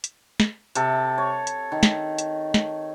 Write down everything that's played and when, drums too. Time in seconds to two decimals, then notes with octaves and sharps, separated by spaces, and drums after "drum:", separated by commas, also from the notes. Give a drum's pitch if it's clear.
0.04 drum: hi-hat
0.40 drum: snare
0.75 C3 A4, drum: hi-hat
1.18 C#5
1.47 drum: hi-hat
1.72 D#3
1.83 drum: snare
2.18 drum: hi-hat
2.54 drum: snare